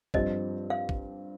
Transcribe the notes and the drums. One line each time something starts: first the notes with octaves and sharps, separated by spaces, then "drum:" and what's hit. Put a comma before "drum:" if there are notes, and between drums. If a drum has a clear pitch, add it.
G2 F3 C4 G4 D#5, drum: kick
F5
drum: kick